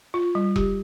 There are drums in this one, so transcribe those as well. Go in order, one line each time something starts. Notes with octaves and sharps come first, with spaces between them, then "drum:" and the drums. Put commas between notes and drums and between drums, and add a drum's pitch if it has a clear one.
F4
G3
G4, drum: kick E1